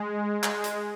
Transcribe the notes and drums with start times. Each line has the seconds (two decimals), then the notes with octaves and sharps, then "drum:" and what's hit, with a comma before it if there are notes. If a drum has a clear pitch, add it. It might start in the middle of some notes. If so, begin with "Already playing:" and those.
Already playing: G#3
0.43 G#3, drum: clap
0.64 drum: hi-hat